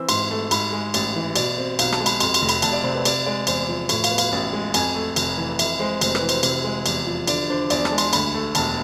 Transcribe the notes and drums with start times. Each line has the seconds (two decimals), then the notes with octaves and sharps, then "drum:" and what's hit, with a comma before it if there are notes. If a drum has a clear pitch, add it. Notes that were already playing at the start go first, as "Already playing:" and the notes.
Already playing: E3 C4 E6
0.09 G#2 C6, drum: cymbal
0.31 A3
0.51 G#2 B5, drum: cymbal
0.72 G#3
0.94 A1, drum: cymbal
1.15 E3
1.36 B2 D5, drum: cymbal
1.58 C4
1.79 B1 F5, drum: cymbal
1.92 A5, drum: rim click
2.00 G#3
2.06 B5, drum: cymbal
2.20 F2 C6, drum: cymbal
2.34 C6, drum: cymbal
2.42 F1
2.49 B5, drum: cymbal
2.62 F1 A5, drum: cymbal
2.73 D5
2.83 C3 C5
2.95 B4
3.05 C3 D5, drum: cymbal
3.26 G#3 D5
3.47 E2 C5, drum: cymbal
3.69 F3
3.89 A2, drum: cymbal
4.04 F5, drum: cymbal
4.11 B3
4.18 F5, drum: cymbal
4.32 A1
4.53 G#3
4.74 F2 G#5, drum: cymbal
4.95 A3
5.16 F1, drum: cymbal
5.38 E3
5.59 F2 E5, drum: cymbal
5.79 G#3 C5
6.01 F1 C5, drum: cymbal
6.15 B4, drum: rim click
6.22 E3
6.29 C5, drum: cymbal
6.43 C3, drum: cymbal
6.64 G#3
6.86 E2, drum: cymbal
7.07 F3
7.27 D3 D5, drum: cymbal
7.50 D4 C5
7.70 E2 D5, drum: cymbal
7.85 A5, drum: rim click
7.92 G#3
7.98 C6, drum: cymbal
8.13 D2 B5, drum: cymbal
8.34 A3
8.55 E1 A5, drum: cymbal